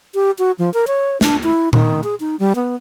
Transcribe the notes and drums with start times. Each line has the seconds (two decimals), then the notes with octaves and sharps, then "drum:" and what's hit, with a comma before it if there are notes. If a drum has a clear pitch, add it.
0.15 G4
0.39 F#4
0.59 F3
0.74 A#4
0.87 C#5
1.21 D4, drum: snare
1.43 E4
1.73 D#3, drum: tom A#2
2.04 G#4
2.20 D#4
2.39 G3
2.56 B3